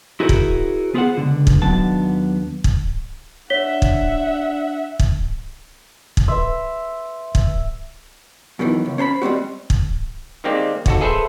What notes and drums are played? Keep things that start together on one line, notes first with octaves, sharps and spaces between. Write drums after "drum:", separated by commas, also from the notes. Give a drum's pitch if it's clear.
E4 F#4 G#4 A#4 C5 C#5
drum: kick
B3 F4 G#4 B4 C5 F#5
C#2 F#2 D3
drum: kick
D#2 F#3 B3 D4 A5
drum: kick
D4 C#5 E5 F#5 B6 G7
drum: kick
drum: kick
drum: kick
B4 E5 C6
drum: kick
F#2 B2 D#3 E3
C#2
C#4 C5 A5 B5
G3 G#3 C4 F#4
drum: kick
D#3 G3 G#3 A#3 C4 G4
D#2 F#4 A4, drum: kick
G#4 A4 B4 C5 E5